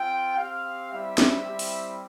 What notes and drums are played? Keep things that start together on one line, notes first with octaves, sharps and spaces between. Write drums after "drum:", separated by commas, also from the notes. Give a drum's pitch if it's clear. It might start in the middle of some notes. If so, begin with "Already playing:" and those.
Already playing: C4 F4 G5
C4 G4 F5
G3 C4 E4 G4 E5
drum: snare
G3 C4 E4 G4
drum: open hi-hat